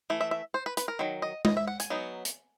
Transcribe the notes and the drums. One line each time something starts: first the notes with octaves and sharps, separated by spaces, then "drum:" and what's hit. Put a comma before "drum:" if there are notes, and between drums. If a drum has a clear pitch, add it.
E3 A3
E5
E5
C5
B4
B4, drum: hi-hat
A#4
D#3 F#3
D#5
D#5, drum: tom G#3
E5
F#5
G#5, drum: hi-hat
F#3 B3 D#4
drum: hi-hat